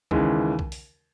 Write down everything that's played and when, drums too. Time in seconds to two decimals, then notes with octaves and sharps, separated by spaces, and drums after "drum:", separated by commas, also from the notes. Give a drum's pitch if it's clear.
0.11 D#2 C#3 E3 G#3, drum: kick B1
0.59 drum: kick B1
0.72 drum: open hi-hat